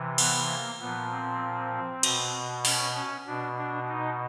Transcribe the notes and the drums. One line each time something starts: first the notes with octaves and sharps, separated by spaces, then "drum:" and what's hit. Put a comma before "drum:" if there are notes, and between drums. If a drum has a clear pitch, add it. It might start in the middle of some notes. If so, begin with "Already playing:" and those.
Already playing: C3 E3
B3, drum: cymbal
A#3
A#2 F3 B3
C4
B2, drum: cymbal
C#4, drum: open hi-hat
C#4
B2 D4
D4
D#4